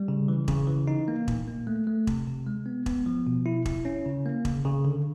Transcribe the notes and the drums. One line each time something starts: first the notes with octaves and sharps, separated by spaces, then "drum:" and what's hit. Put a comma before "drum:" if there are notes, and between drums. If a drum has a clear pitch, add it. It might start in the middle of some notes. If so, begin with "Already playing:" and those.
Already playing: G3
C#3
E3
C#3, drum: kick E1
E3
D#4
A#3
A#2, drum: kick E1
A#3
A3
A3
C3, drum: kick E1
C3
G#3
B3
B3, drum: kick E1
F3
B2
E4
E4, drum: kick E1
C#4
C#3
A#3
C#3, drum: kick E1
C#3
D3